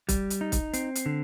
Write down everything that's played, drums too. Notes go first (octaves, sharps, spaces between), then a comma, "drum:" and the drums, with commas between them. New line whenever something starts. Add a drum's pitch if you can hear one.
G3, drum: kick, hi-hat
drum: hi-hat
D#4
drum: kick, hi-hat
C4, drum: hi-hat
drum: hi-hat
D3